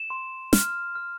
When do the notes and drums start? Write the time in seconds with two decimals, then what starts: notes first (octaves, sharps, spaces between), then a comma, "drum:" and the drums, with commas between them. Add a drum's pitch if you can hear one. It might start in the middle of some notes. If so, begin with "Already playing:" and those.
Already playing: E7
0.10 C6
0.53 F6, drum: snare
0.95 F6